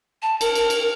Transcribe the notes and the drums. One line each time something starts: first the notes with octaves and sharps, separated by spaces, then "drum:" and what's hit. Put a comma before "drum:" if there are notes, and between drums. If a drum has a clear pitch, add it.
A5
A#4, drum: cymbal
drum: cymbal
drum: cymbal